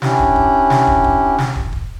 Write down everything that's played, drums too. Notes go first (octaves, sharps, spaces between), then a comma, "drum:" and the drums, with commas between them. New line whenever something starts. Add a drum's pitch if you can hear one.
C#4 D4 E4 G4, drum: snare
drum: kick
drum: kick
drum: snare
drum: kick
drum: kick
drum: snare
drum: kick
drum: kick